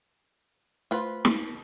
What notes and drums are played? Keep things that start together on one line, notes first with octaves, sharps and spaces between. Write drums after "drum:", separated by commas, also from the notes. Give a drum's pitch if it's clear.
A3 F4 B4 C5 C6
drum: snare